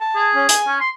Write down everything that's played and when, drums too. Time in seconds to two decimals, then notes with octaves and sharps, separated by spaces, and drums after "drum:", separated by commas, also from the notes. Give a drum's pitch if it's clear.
0.01 A5
0.16 G#4
0.35 C#4
0.49 G#5, drum: hi-hat
0.67 C#4
0.81 C6